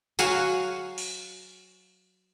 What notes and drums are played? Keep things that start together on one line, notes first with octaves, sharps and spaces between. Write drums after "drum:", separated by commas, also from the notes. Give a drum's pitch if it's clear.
F#3 F#4 F5 G#5, drum: tambourine
drum: open hi-hat